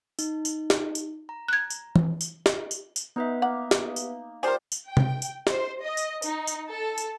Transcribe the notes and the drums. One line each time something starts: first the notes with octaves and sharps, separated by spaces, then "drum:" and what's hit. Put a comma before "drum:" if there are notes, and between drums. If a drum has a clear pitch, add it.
D#4, drum: tambourine
drum: tambourine
drum: snare
drum: tambourine
A#5
F#6 G#6
drum: tambourine
drum: tom E3
drum: tambourine
drum: snare
drum: tambourine
drum: tambourine
B3 D#4 B4 E5
A#3 F5 F#5
drum: snare
drum: tambourine
G3 F4 G#4 A#4 C5 C6
drum: tambourine
G5
drum: tom C3
drum: tambourine
C5, drum: snare
D#5
drum: tambourine
D#4, drum: tambourine
drum: tambourine
A4
drum: tambourine